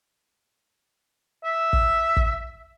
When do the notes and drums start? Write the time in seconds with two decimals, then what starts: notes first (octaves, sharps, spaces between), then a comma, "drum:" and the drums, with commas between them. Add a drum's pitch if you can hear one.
1.44 E5
1.73 drum: kick
2.17 drum: kick